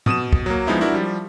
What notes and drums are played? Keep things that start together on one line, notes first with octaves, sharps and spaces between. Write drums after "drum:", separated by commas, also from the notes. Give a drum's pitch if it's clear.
B2 D#6 D#7 E7, drum: tom G#2
drum: kick
F#3 A#3
F3 G#3 B3 D#4 E4
D4 E4 F#4 A#4
F3 G3